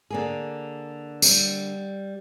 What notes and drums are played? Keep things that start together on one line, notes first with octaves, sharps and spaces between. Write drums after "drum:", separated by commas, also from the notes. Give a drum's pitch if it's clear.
D3 A#3 G#4
G3, drum: tambourine